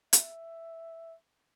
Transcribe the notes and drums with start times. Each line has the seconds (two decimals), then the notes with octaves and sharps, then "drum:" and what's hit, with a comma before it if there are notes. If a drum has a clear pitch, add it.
0.13 E5, drum: hi-hat